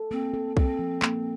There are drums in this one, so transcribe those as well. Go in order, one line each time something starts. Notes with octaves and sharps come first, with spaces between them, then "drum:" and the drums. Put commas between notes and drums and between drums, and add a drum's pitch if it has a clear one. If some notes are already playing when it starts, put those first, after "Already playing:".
Already playing: A4
A#3 C4
A4
C4 A4, drum: kick B1
F3
A#3, drum: clap